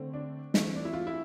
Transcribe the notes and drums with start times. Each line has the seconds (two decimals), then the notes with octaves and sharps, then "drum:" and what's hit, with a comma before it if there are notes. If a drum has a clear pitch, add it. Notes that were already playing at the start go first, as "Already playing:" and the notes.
Already playing: D3 A3 C4
0.13 D4
0.54 E3 A3 C4, drum: snare
0.76 D4
0.85 E4
0.93 F4
1.07 E4